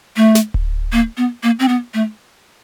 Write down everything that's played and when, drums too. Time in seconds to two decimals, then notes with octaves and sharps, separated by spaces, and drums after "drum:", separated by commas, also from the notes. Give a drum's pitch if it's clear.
0.16 A3
0.35 drum: snare
0.54 drum: kick D1
0.92 A#3
1.17 B3
1.43 A#3
1.60 C4
1.68 B3
1.94 A3